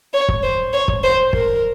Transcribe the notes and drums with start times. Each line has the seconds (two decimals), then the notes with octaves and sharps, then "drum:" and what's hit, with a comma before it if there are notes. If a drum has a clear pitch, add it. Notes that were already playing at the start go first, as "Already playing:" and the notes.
0.13 C#5
0.29 drum: kick
0.43 C5
0.73 C#5
0.88 drum: kick
1.03 C5
1.33 A#4, drum: kick